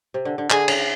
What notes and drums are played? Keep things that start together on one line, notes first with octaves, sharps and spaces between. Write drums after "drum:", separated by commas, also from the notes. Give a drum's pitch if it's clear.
C3
D3
D3
D3 G#4, drum: clap
C#3, drum: cymbal